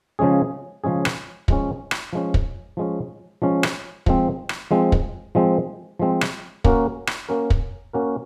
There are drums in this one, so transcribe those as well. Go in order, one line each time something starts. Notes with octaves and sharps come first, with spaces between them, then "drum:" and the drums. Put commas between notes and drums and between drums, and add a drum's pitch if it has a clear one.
C#3 F3 G#3 C#4 G#4
C#3 F3 G#3 C#4 G#4
drum: rim click
F3 G#3 C#4, drum: kick
drum: rim click
F3 G#3 C#4
drum: kick
F3 G#3 C#4
F3 G#3 C#4
drum: rim click
F3 G#3 C4, drum: kick
drum: rim click
F3 G#3 C4
drum: kick
F3 G#3 C4
F3 G#3 C4
drum: rim click
A#3 C#4 F#4 A#4, drum: kick
drum: rim click
A#3 C#4 F#4 A#4
drum: kick
A#3 C#4 F#4 A#4